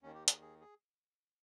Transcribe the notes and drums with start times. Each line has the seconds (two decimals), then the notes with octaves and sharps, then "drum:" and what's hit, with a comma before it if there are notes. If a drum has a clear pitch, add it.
0.02 D#2 D#3 C#4
0.15 G4
0.28 G#4, drum: hi-hat
0.41 G#4
0.61 G#4